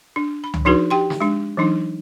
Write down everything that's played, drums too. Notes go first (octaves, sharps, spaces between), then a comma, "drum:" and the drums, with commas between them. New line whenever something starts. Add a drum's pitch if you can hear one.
D4
B5
drum: tom C#2
F3 D4 D#4 F#4 G#4 B4
G4 G5 C6
drum: snare
G#3 D4
E3 F#3 D4 D#4